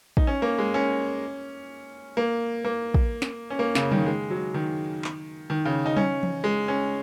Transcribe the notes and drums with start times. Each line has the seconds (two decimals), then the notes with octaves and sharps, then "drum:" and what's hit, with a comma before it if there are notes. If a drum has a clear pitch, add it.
0.17 D#4, drum: kick
0.27 C#4
0.42 A#3
0.58 G#3
0.74 C#4
2.17 A#3
2.65 A#3
2.94 drum: kick
3.22 drum: snare
3.50 C#4
3.59 A#3
3.75 C#3, drum: snare
3.92 D#3, drum: tom F#3
4.06 G#3
4.30 F#3
4.54 D#3
5.04 drum: clap
5.50 D#3
5.65 C#3
5.86 D#4
5.97 C#4, drum: tom F#3
6.23 drum: tom E3
6.44 G#3
6.68 C#4